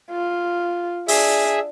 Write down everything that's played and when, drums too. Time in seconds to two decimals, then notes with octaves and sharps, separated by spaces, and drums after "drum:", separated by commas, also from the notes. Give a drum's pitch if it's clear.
0.11 F4
1.08 D4 G#4 E5, drum: open hi-hat